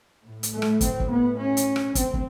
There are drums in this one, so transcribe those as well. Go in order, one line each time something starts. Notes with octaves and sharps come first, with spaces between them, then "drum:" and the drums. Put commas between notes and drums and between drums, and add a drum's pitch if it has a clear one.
A2
drum: hi-hat
A3
drum: rim click
C4, drum: kick, hi-hat
drum: kick
B3
C#4
drum: hi-hat
drum: rim click
C4, drum: kick, hi-hat
drum: kick